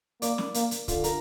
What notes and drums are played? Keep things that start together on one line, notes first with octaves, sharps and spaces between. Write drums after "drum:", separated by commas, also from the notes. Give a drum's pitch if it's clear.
A#3 D5 D6, drum: hi-hat
drum: snare
A#3, drum: hi-hat
drum: hi-hat
D3 F4 F5, drum: kick, hi-hat
A#4 A#5, drum: hi-hat